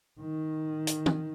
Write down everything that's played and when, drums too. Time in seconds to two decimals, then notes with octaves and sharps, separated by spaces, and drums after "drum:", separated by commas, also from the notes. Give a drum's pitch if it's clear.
0.20 D#3
0.87 drum: hi-hat
1.06 drum: tom